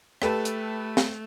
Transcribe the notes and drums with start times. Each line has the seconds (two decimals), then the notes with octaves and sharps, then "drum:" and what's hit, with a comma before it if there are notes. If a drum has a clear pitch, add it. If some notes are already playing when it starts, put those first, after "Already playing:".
0.22 A3 G4 A4 B4, drum: rim click
0.45 drum: hi-hat
0.97 drum: snare